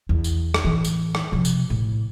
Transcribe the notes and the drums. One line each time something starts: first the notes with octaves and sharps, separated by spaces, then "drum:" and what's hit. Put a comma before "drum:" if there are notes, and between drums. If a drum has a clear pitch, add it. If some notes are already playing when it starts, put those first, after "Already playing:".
E2
drum: tambourine
drum: rim click
A2 E3
drum: tambourine
drum: rim click
C3 F3
drum: tambourine
A2